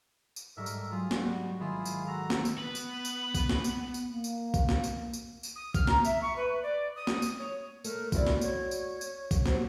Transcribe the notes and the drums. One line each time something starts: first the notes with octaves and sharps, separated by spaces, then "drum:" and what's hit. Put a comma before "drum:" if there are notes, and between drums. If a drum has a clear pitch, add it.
drum: tambourine
G#2 G3 A4 A#4 E5 C#6
drum: tambourine
F#3 F4 G#4
drum: snare
G3 F#4
G#1 D#3 E4 F4 G#4 E5
drum: tambourine
F#4 A4 A#5
drum: snare
drum: tambourine
B3 B4
drum: tambourine
drum: tambourine
drum: kick, tambourine
drum: snare
drum: tambourine
drum: tambourine
A#3
drum: tambourine
drum: kick, tambourine
drum: snare
drum: tambourine
drum: tambourine
drum: tambourine
D#6
F6, drum: kick, tambourine
A#5, drum: snare
E5, drum: tambourine
C#6
B4
D5
D#6
drum: snare
drum: tambourine
C#5
A3 A#4, drum: tambourine
C4 E4 F#4 D5, drum: kick, tambourine
drum: snare
C#5, drum: tambourine
drum: tambourine
drum: tambourine
drum: kick, tambourine
F#3 G4 C5, drum: snare